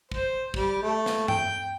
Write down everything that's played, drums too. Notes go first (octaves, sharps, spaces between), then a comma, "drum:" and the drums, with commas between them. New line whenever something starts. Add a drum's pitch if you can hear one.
C5, drum: kick
G3, drum: kick
A3
drum: snare
G5, drum: tom G2